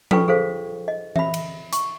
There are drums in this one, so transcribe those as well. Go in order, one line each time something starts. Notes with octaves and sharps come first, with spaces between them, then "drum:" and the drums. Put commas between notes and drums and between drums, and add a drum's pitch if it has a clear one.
F4 A4 B4 G5 C#6, drum: tom F3
G#4 A4 C5 F5
D#5
E5 B5, drum: tom E3
drum: cymbal
C#6, drum: hi-hat